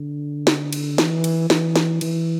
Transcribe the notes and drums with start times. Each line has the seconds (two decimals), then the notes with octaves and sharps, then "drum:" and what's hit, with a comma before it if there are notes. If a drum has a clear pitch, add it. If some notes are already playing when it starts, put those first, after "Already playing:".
Already playing: D3
0.47 drum: snare
0.73 drum: cymbal
0.98 E3, drum: snare
1.24 drum: cymbal
1.50 E3, drum: snare
1.76 drum: snare
2.01 E3, drum: cymbal